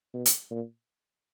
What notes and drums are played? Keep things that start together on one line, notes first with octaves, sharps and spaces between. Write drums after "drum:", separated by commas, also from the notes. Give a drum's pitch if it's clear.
B2
drum: hi-hat
A#2